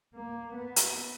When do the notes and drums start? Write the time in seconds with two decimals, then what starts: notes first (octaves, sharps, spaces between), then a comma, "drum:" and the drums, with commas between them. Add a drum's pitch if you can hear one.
0.15 A#3
0.54 B3
0.76 drum: hi-hat